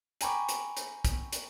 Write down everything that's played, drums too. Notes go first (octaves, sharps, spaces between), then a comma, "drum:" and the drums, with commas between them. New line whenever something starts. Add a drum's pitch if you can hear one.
G5 G#5 A#5 B5 C#6 D6, drum: hi-hat
drum: hi-hat
drum: hi-hat
drum: kick, hi-hat
drum: hi-hat